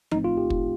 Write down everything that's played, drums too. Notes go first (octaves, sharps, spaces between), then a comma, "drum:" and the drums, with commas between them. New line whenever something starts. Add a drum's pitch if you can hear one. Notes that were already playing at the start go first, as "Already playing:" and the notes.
A#1 A2 A3 C4 D#4, drum: tom F3
F4
G4
drum: kick